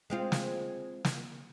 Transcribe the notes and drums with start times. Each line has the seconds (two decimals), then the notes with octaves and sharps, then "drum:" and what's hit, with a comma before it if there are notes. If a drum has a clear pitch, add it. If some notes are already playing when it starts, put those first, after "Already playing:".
0.10 G#3 C4 F4
0.32 drum: snare
1.05 drum: snare